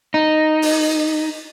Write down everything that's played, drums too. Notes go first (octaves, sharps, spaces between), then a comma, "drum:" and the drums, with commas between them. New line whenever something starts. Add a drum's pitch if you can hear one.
D#4
drum: open hi-hat